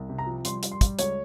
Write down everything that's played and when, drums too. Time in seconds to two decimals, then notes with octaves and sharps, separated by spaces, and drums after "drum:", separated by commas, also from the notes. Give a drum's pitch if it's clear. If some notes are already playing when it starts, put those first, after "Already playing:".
Already playing: C2
0.09 C3
0.18 A#5
0.27 F3
0.45 G3 C6, drum: hi-hat
0.63 G3, drum: hi-hat
0.72 C6
0.81 G3, drum: kick, hi-hat
0.99 C#2 C#5, drum: hi-hat